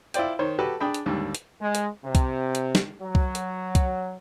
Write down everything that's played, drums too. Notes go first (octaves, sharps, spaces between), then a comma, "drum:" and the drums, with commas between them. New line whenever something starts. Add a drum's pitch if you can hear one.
E4 F4 C5 D5 G5, drum: hi-hat
D#3 C5 C#5
F#4 G4 A4 B4
D4 G#4 G5 B5
drum: hi-hat
D#2 G#2 D3 G3
drum: hi-hat
G#3
drum: hi-hat
C3
drum: kick C2, hi-hat
drum: hi-hat
drum: snare
F#3
drum: kick C2
drum: hi-hat
drum: kick C2, hi-hat